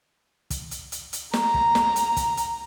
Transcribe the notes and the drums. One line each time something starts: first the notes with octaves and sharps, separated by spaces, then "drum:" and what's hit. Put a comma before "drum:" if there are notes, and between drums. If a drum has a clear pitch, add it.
drum: kick, hi-hat
drum: hi-hat
drum: hi-hat
drum: hi-hat
A#5, drum: snare
drum: kick
drum: snare
drum: hi-hat
drum: kick, hi-hat
drum: hi-hat